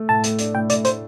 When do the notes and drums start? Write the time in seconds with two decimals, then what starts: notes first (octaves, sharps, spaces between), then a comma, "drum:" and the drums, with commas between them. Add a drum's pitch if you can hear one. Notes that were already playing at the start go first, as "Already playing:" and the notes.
Already playing: A3
0.09 A2 A5
0.24 A3, drum: hi-hat
0.39 D4, drum: hi-hat
0.54 A2 G5
0.70 A2 D5, drum: hi-hat
0.85 A3 C5, drum: hi-hat